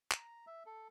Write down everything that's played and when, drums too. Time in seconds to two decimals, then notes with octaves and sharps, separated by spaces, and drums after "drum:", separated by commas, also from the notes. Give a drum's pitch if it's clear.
0.12 A#5, drum: clap
0.47 E5
0.66 A4